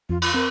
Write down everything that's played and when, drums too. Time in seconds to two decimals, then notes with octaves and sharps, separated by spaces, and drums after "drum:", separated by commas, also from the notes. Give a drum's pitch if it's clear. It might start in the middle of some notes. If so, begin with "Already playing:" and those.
0.09 F2 F4
0.22 F4, drum: cymbal
0.34 C4 A#4